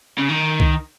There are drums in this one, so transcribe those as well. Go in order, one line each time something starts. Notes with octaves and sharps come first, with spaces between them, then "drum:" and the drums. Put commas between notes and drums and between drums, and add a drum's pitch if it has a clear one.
C#3
D#3
drum: kick C2